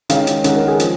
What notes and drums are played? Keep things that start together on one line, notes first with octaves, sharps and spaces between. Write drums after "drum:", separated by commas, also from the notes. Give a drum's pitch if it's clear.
D#3 G#3 C#4 F5, drum: hi-hat
drum: hi-hat
D#3 G#3 C#4 F#5, drum: hi-hat
A#4
G#4
F3, drum: hi-hat